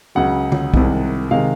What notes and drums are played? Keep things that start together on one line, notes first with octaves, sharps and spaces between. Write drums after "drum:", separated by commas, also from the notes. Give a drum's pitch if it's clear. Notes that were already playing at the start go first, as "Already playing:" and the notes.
C#2 C#3 F#3 F#5
drum: tom D3
C2 C3 D#3 G#3, drum: kick
C3 D#3 G#3 F5